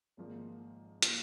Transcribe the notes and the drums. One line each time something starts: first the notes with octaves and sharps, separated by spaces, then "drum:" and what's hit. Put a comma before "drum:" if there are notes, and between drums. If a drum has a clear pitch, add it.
G#1 G#2 F3 A#3
F3 A#3, drum: hi-hat